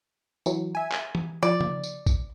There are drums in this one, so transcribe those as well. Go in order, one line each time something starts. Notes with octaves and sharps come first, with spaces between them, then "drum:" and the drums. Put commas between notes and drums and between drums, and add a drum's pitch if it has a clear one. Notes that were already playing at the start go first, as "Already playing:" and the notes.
E3 F#3, drum: tambourine
E5 G#5
drum: clap
drum: tom E3
F3 D5
drum: tom C#3
drum: tambourine
drum: kick A#1, tambourine